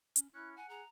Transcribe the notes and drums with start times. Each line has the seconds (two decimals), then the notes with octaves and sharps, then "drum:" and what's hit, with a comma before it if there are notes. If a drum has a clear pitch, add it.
0.16 C#4, drum: hi-hat
0.34 C#4 E4 F#6
0.57 F#5 G#5
0.69 G#4 A#5